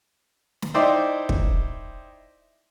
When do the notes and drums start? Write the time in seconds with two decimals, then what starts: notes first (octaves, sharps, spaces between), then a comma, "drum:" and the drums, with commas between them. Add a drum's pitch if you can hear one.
0.62 drum: snare
0.74 D#4 E4 C5 D5 G5
1.29 drum: kick